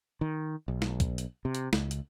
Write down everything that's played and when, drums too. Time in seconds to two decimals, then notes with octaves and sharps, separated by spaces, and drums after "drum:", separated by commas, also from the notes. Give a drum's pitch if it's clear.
0.21 D#3
0.68 B1
0.82 drum: snare
1.00 drum: kick, hi-hat
1.18 drum: hi-hat
1.45 C3
1.55 drum: hi-hat
1.73 C#2, drum: snare
1.91 drum: hi-hat